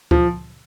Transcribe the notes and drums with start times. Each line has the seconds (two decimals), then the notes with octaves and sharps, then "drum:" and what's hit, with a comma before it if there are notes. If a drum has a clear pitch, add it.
0.11 F3, drum: kick C#2